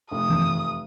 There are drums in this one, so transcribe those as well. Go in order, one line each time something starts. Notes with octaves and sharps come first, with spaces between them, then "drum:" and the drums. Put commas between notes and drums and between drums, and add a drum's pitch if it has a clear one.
F1 D#6
drum: tom E3